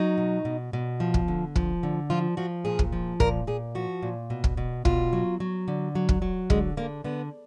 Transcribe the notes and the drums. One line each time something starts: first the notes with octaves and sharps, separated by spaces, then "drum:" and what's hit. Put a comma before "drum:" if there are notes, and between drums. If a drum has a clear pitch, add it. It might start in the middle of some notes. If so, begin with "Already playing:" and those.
Already playing: F#3 D#4
B2
B2
B2
F3
drum: kick
D3
F3, drum: kick
D3
F3 F4
F3 F#4
A#2 G#4
drum: kick
F3
A#2 A#4, drum: kick
A#2 G#4
F3 F#4
A#2
B2
drum: kick
B2
B2 F4, drum: kick
F#3
F#3
D3
F#3
drum: kick
F#3
D3 G#3, drum: kick
D3 A#3
D3 B3